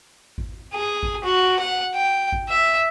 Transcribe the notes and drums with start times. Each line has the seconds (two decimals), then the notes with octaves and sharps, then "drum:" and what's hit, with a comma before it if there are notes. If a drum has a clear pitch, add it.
0.38 drum: kick G#1
0.74 G#4
1.03 drum: kick G#1
1.24 F#4
1.59 F#5
1.95 G5
2.32 drum: kick G#1
2.49 E5